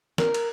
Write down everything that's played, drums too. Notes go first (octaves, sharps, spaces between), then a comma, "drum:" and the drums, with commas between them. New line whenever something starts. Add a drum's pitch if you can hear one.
A#4, drum: snare
drum: cymbal